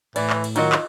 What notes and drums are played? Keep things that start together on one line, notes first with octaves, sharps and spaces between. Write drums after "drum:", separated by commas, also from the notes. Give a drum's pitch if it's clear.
A2 E3 D5, drum: cymbal
drum: clap
drum: cymbal
D#3 F#3 D#4 F4 D#5, drum: cymbal
drum: clap